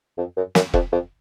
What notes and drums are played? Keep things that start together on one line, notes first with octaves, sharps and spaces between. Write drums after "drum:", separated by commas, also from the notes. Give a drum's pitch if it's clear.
F2
F#2
F#2, drum: snare
F2, drum: kick E1
F2